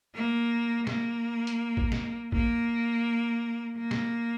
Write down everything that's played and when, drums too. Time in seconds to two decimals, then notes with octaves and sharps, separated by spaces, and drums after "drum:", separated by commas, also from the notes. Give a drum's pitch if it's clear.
0.14 A#3
0.87 A#3, drum: snare
1.47 drum: hi-hat
1.77 drum: kick A1
1.92 drum: snare
2.32 A#3, drum: kick A1
3.77 A#3
3.91 drum: snare